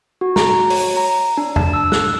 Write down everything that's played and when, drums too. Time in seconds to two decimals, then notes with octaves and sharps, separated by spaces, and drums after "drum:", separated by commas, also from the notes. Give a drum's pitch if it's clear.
0.21 F#4
0.36 A#5, drum: snare
0.70 C#5, drum: open hi-hat
0.97 A#5
1.37 D4
1.56 A5, drum: tom E2
1.74 E6
1.92 F#6, drum: snare